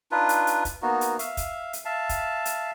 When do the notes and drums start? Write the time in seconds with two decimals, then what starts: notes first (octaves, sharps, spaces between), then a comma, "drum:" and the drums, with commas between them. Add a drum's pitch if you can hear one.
0.12 D4 D#4 F4 B4
0.29 drum: hi-hat
0.47 drum: hi-hat
0.65 drum: kick, hi-hat
0.82 A#3 B3 D#4 F#4
1.01 drum: hi-hat
1.19 E5 F5, drum: hi-hat
1.37 drum: kick, hi-hat
1.73 drum: hi-hat
1.85 E5 F5 A5
2.09 drum: kick, hi-hat
2.45 drum: hi-hat